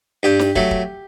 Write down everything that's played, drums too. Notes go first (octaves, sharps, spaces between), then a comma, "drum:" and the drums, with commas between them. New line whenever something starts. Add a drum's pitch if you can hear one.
G2 G4
drum: snare
F#3 A3, drum: kick
drum: kick